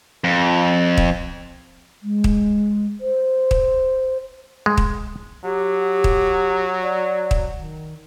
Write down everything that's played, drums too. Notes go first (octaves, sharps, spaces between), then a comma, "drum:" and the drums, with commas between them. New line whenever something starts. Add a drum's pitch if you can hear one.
F2
drum: kick
G#3
drum: kick
C5
drum: kick
G#3
drum: kick
F#3 G4
drum: kick
D5
drum: kick
D#3